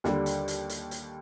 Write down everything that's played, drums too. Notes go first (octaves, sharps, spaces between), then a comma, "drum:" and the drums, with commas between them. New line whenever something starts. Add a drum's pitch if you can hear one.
D#2 D3 G3, drum: snare
drum: hi-hat
drum: hi-hat
drum: hi-hat
drum: hi-hat